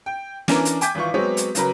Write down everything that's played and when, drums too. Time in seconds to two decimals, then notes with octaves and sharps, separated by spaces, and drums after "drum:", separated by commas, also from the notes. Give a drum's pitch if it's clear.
0.06 G5
0.48 E3 C#4 D4 A#4 D5, drum: snare
0.65 drum: hi-hat
0.81 G5 G#5 D6 G6 B6, drum: hi-hat
0.95 G#1 E3 F4 C#6
1.14 F#3 G#3 B3 C4 C#5
1.37 drum: hi-hat
1.55 C#3 F#3 A#4 B4, drum: hi-hat